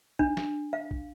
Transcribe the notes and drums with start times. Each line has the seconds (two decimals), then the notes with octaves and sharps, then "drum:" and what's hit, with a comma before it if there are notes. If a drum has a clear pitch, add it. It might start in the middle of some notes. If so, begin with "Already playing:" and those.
0.19 D4, drum: kick
0.37 drum: snare
0.73 F5
0.91 drum: kick